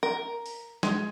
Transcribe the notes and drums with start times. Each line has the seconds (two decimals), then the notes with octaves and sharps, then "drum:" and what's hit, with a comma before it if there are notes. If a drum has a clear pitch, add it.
0.03 A#4
0.46 drum: open hi-hat
0.83 G#3, drum: snare